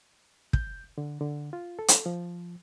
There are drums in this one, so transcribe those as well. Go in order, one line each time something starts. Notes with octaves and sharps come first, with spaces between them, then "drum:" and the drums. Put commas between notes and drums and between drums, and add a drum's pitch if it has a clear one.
G6, drum: kick
D3
D3
F4
A4
drum: hi-hat
F3